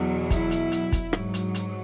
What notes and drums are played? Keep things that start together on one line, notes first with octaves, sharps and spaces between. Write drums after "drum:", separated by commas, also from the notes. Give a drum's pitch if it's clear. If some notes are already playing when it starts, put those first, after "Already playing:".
Already playing: E2 B2 F#3
E4, drum: kick, hi-hat
drum: hi-hat
drum: hi-hat
drum: kick, hi-hat
G#2 F#3, drum: rim click
drum: hi-hat
drum: hi-hat